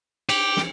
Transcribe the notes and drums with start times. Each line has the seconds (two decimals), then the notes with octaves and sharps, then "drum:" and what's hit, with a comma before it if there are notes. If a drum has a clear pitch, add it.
0.29 G4, drum: cymbal
0.57 drum: snare